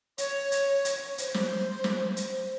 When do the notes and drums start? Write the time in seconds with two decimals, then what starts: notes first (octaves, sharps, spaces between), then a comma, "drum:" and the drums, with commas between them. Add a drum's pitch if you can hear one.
0.18 C#5, drum: hi-hat
0.52 drum: hi-hat
0.85 drum: hi-hat
1.18 C5, drum: hi-hat
1.34 drum: snare
1.84 drum: snare
2.17 C5, drum: hi-hat